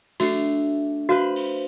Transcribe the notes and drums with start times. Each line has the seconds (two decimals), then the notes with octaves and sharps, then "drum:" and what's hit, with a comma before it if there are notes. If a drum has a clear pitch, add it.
0.20 A3 D4 F#4 C7, drum: cymbal
1.09 F#4 B4 C5 F5
1.36 drum: cymbal